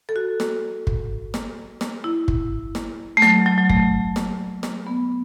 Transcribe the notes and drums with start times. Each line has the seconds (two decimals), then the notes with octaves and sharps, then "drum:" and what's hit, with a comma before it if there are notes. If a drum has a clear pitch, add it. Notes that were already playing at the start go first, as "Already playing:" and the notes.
0.09 A4
0.16 F#4
0.40 drum: snare
0.87 drum: kick
1.34 drum: snare
1.81 drum: snare
2.04 E4
2.28 drum: kick
2.75 drum: snare
3.17 A3
3.22 F#3, drum: snare
3.46 F#3
3.58 F#3
3.70 A3, drum: kick
4.16 drum: snare
4.63 drum: snare
4.87 B3